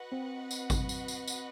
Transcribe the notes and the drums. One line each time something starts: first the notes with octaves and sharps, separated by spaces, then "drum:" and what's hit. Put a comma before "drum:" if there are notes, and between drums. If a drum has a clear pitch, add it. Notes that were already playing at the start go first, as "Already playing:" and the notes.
Already playing: F#4 B4 D#5 F#5
C4
drum: tambourine
drum: kick G#1, tambourine
drum: tambourine
drum: tambourine
drum: tambourine